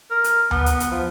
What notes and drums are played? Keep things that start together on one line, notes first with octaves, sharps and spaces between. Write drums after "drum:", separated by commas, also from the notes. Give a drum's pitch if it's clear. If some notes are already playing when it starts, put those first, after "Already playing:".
A#4
drum: hi-hat
B3, drum: tom D2
drum: hi-hat
drum: hi-hat
F3